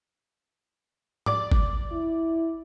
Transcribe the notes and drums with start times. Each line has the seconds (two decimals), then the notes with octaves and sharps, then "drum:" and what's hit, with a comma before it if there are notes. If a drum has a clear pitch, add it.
1.26 D5 D6, drum: tom G#2
1.52 drum: kick G1
1.92 E4